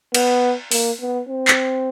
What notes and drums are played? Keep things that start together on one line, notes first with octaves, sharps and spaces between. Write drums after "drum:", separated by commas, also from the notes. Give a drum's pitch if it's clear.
B3, drum: cymbal
A#3, drum: open hi-hat
B3
C4
drum: clap